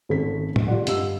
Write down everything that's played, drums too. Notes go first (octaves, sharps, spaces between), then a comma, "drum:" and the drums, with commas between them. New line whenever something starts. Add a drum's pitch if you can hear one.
G#1 A3 C#4 B6
drum: tom A2
F4 G4 D5 F#5
G2 D#5 F5 E6, drum: hi-hat